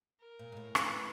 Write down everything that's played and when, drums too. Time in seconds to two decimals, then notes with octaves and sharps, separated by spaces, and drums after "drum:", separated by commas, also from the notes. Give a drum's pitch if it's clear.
0.21 A#4
0.39 A#2
0.52 G#2
0.57 A2
0.75 B4, drum: rim click